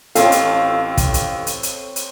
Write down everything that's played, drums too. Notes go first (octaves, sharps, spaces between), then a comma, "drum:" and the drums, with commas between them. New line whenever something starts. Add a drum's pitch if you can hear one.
A1 C4 F4 A4 C#5 F5, drum: hi-hat
drum: hi-hat
drum: kick, hi-hat
drum: hi-hat
drum: hi-hat
drum: hi-hat
drum: hi-hat